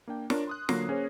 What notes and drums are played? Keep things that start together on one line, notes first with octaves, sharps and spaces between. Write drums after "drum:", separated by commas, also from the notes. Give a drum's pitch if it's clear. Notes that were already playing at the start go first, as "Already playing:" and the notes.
A#3 D4 G5
D4 A#4 C#5, drum: snare
C6 D#6 F#6
D3 F#3 A#3 C#5 A#6 C7, drum: snare
A#3 C#4 G#4 C5 C#5